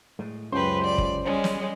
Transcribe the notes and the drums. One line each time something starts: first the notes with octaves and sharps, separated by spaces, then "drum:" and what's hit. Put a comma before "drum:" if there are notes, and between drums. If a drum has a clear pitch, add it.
A2 G#3
C#2 F#2 G4 B4 C5
D5
drum: kick
G3 G#3 C#4
drum: snare